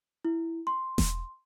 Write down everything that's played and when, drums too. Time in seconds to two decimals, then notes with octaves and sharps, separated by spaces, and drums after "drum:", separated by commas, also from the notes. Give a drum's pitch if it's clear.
0.25 E4
0.67 C6
0.98 drum: snare E1